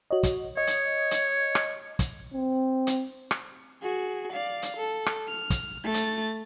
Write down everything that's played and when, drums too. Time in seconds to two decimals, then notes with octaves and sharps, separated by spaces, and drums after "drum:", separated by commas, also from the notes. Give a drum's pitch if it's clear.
0.11 F#4 C#5 D#5
0.23 drum: kick, hi-hat
0.57 C#5 D#5
0.67 drum: hi-hat
1.11 drum: hi-hat
1.55 drum: rim click
1.99 drum: kick, hi-hat
2.34 C4
2.87 drum: hi-hat
3.31 drum: rim click
3.82 F#4 G#4
4.33 D5 F5
4.63 drum: hi-hat
4.77 A4
5.06 drum: rim click
5.28 F6
5.50 drum: kick, hi-hat
5.84 A3 A6
5.94 drum: hi-hat